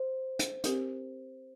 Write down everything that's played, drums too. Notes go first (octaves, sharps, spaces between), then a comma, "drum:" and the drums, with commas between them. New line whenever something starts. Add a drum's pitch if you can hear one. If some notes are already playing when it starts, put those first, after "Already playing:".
Already playing: C5
drum: hi-hat
C4 G4 A#4, drum: hi-hat